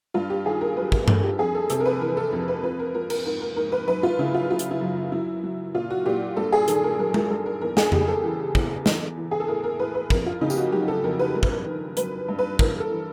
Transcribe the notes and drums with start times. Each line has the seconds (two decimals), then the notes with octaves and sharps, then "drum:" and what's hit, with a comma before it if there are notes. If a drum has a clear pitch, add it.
0.14 G2 F4
0.30 G4
0.45 D#3 G#4
0.61 A#4
0.76 F#3 B4
0.92 A#4, drum: kick
1.08 G2 A4, drum: tom G2
1.23 G4
1.39 F2 G#4
1.55 A4
1.70 C3 A4, drum: hi-hat
1.80 A#4
1.85 B4
2.01 E3 A#4
2.17 A4
2.32 F2
2.48 B4
2.63 F3 B4
2.79 A#4
2.94 F3 A#4
3.10 A#4, drum: cymbal
3.25 G#2 A#4
3.41 A#4
3.56 G#2 A#4
3.72 B4
3.88 F#2 B4
4.03 F4
4.19 C#3 E4
4.34 F4
4.50 F#3 F4
4.59 drum: hi-hat
4.71 E4
4.81 F#2
5.12 F#3 E4
5.43 F#3
5.74 A#2 F4
5.90 F#4
6.06 A#2 G4
6.37 G2 A4
6.52 G#4
6.68 D#3 A4, drum: hi-hat
6.83 A#4
6.99 F#3 A#4
7.14 A#4, drum: tom G#3
7.30 G2 A4
7.46 A#4
7.61 E2 A#4
7.77 G#4, drum: snare
7.92 C#3 G4, drum: tom F2
8.08 A4
8.23 E3
8.55 E2, drum: kick
8.86 E3, drum: snare
9.17 E3
9.31 G#4
9.40 A4
9.48 A2 A#4
9.64 A#4
9.79 A2 B4
9.95 B4
10.10 F2 A#4, drum: kick
10.26 F4
10.41 C#3 D#4
10.50 G4, drum: tambourine
10.57 F#4
10.72 F#3 G4
10.88 A4
11.04 F2 A#4
11.19 B4
11.35 G2 A#4
11.43 B4, drum: kick
11.51 A#4
11.66 D#3
11.97 F#3 B4, drum: hi-hat
12.29 G2
12.39 B4
12.59 E3 A#4, drum: kick
12.80 A4
12.90 E3